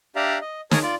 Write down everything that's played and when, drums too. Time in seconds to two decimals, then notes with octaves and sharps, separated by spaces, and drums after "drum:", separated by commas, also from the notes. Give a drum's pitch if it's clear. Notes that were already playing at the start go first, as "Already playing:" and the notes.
0.16 D4 G4 D5 E5 F5 A#5
0.41 D#5
0.71 G#4 A#4 C#5 A5 A#5 D#6, drum: snare
0.83 F4 D5